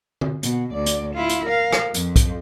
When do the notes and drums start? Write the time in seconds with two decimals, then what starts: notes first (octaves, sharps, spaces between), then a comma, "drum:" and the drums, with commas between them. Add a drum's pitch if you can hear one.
0.21 drum: tom D3
0.43 B2, drum: hi-hat
0.72 D2 D5
0.86 drum: hi-hat
1.14 E4 F4
1.29 drum: hi-hat
1.45 A#4 F5
1.73 drum: rim click
1.94 F2, drum: hi-hat
2.16 drum: kick, hi-hat